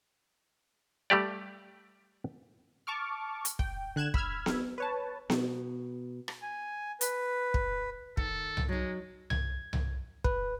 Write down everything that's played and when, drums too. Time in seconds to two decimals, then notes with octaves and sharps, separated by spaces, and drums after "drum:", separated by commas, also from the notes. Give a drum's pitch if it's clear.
1.10 G3 A3 G4 D5
2.87 A5 C#6 D6 F6
3.45 drum: hi-hat
3.59 G5, drum: kick
3.96 D3 F#6 G#6 E7
4.14 B5 E6 F6 G#6, drum: kick
4.46 drum: snare B3
4.78 B4 C#5 A5
5.30 B2, drum: snare B3
6.28 drum: rim click
6.42 G#5
7.01 B4, drum: hi-hat
7.54 drum: kick
8.17 D#3 A4, drum: kick
8.57 drum: tom C2
8.69 F#3 G#3 D#4
9.30 G#6, drum: tom C2
9.73 drum: tom C2
10.24 B4, drum: kick